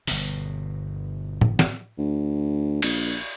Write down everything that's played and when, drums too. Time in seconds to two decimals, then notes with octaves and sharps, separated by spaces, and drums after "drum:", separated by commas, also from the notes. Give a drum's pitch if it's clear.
0.07 G1 B2, drum: open hi-hat
1.41 drum: tom A2
1.59 drum: snare
1.98 D2
2.82 A#1, drum: cymbal